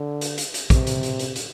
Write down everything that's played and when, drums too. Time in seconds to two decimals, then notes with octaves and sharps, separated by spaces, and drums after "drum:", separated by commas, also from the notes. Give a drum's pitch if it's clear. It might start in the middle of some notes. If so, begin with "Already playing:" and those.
Already playing: D3
0.21 drum: hi-hat
0.38 drum: hi-hat
0.54 drum: hi-hat
0.70 C3, drum: kick, hi-hat
0.87 drum: hi-hat
1.03 drum: hi-hat
1.19 drum: hi-hat
1.36 drum: hi-hat